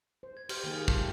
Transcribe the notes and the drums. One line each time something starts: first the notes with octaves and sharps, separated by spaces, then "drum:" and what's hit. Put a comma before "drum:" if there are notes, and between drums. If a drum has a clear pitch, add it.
C5
G#6
G4 C6 F6 G6, drum: cymbal
D#3 A#3 G#4
A3 F4 G4 A5 C6 G6, drum: kick